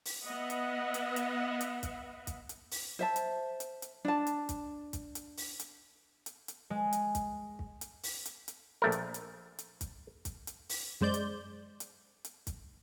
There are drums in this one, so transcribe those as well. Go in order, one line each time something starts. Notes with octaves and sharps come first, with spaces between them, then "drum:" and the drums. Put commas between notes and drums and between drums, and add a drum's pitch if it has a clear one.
drum: open hi-hat
B3 B4 D#5 E5 F#5
drum: hi-hat
drum: hi-hat
drum: hi-hat
drum: hi-hat
drum: kick, hi-hat
drum: kick, hi-hat
drum: hi-hat
drum: open hi-hat
C5 E5 A5
drum: hi-hat
drum: hi-hat
drum: hi-hat
D4 A5
drum: hi-hat
drum: kick, hi-hat
drum: kick, hi-hat
drum: hi-hat
drum: open hi-hat
drum: hi-hat
drum: hi-hat
drum: hi-hat
G#3
drum: hi-hat
drum: kick, hi-hat
drum: kick
drum: hi-hat
drum: open hi-hat
drum: hi-hat
drum: hi-hat
A#1 A3 A#4
drum: hi-hat
drum: hi-hat
drum: hi-hat
drum: kick, hi-hat
drum: kick, hi-hat
drum: hi-hat
drum: open hi-hat
F#2 G#3 C5 D5 G6
drum: hi-hat
drum: hi-hat
drum: hi-hat
drum: kick, hi-hat